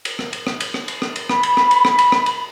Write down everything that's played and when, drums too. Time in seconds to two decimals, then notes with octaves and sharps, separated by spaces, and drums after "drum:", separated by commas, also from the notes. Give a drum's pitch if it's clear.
0.05 drum: cymbal
0.19 drum: rim click
0.33 drum: cymbal
0.47 drum: rim click
0.60 drum: cymbal
0.74 drum: rim click
0.88 drum: cymbal
1.02 drum: rim click
1.16 drum: cymbal
1.29 B5, drum: rim click
1.43 drum: cymbal
1.57 drum: rim click
1.71 drum: cymbal
1.85 drum: rim click
1.99 drum: cymbal
2.12 drum: rim click
2.26 drum: cymbal